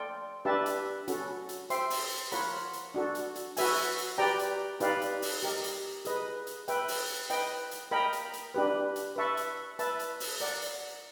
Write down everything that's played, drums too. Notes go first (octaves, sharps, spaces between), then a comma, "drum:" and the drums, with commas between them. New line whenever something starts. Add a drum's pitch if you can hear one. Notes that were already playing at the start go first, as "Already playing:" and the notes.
Already playing: F4 A4 D5 G5
D4 G4 B4 E5 A5
drum: hi-hat
C#4 F#4 A4, drum: hi-hat
drum: hi-hat
C5 E5 G5 C6, drum: hi-hat
drum: open hi-hat
F4 A#4 C#5 F#5 B5, drum: hi-hat
drum: hi-hat
D4 F#4 A4
drum: hi-hat
drum: hi-hat
F#4 B4 E5 G#5, drum: open hi-hat
drum: hi-hat
G4 B4 D5 G5 A#5
drum: hi-hat
D#4 G4 B4 D5 F5, drum: hi-hat
drum: hi-hat
drum: open hi-hat
G4 A#4 D#5
drum: hi-hat
G#4 B4 D#5, drum: hi-hat
drum: hi-hat
B4 E5 G5, drum: hi-hat
drum: open hi-hat
B4 D#5 G5, drum: hi-hat
drum: hi-hat
A#4 D#5 G5 B5
drum: hi-hat
drum: hi-hat
D4 G4 B4
drum: hi-hat
B4 E5 A5 C#6
drum: hi-hat
B4 E5 A5, drum: hi-hat
drum: hi-hat
drum: open hi-hat
A#4 D5 F#5
drum: hi-hat